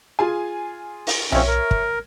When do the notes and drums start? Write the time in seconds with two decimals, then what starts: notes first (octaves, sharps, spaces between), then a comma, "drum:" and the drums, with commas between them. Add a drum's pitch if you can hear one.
0.19 F4 G#4 G#5
1.07 drum: open hi-hat
1.32 F3 C4 C#4 C#5 E5, drum: tom B1
1.47 A#4
1.71 drum: kick